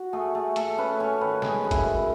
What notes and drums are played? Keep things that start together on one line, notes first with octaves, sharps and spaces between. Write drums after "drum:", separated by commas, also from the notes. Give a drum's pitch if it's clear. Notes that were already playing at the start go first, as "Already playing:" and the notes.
Already playing: F#4
A3 G#4
A3
A3 A4, drum: hi-hat
C#4 B4
C#4 C#5
D#3 B4
G#3 G#4, drum: snare
F#2
E4, drum: kick G#1, hi-hat
F#2